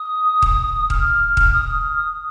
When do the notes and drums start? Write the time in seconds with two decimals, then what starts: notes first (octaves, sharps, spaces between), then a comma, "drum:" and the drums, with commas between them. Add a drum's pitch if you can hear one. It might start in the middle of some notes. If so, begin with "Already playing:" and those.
Already playing: D#6
0.42 drum: kick D#1
0.90 F6, drum: kick D#1
1.37 drum: kick D#1
1.53 D#6
1.74 F6
1.95 D#6